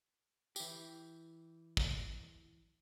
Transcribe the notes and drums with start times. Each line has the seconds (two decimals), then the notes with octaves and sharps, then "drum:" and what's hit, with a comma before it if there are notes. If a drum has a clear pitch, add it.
0.56 E3 G4, drum: tambourine
1.77 drum: kick